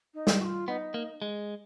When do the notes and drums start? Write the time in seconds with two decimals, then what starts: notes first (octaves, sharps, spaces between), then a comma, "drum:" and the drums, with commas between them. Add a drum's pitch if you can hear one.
0.14 D#4
0.27 drum: snare
0.41 F#4
0.44 F4
0.68 B3 D#4
0.94 A#3
1.22 G#3